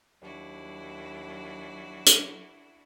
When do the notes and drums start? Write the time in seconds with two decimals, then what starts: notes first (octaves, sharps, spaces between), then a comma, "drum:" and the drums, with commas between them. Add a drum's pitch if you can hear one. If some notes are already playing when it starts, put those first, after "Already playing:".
0.22 D#2 F#3 D4 E4 F#4
2.06 drum: hi-hat